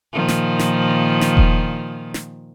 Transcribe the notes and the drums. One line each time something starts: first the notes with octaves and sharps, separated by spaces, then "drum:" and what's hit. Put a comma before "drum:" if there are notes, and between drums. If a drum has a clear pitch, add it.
A#2 D#3 F3
drum: snare
drum: snare
drum: snare
drum: kick E1
drum: snare